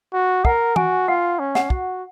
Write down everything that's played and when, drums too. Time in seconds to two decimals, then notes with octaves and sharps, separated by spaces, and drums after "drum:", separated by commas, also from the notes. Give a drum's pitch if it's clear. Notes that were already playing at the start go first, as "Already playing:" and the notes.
0.13 F#4
0.45 A#4 F#5, drum: kick
0.76 F#4 G#5, drum: tom E3
1.08 F4 F#5
1.39 C#4
1.55 F#5, drum: snare
1.70 F#4, drum: kick